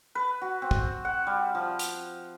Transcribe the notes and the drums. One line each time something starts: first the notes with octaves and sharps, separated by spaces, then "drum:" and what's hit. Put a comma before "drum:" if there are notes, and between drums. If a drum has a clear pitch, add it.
B4
F#4
C4
drum: kick
F#5
G3
F3
drum: hi-hat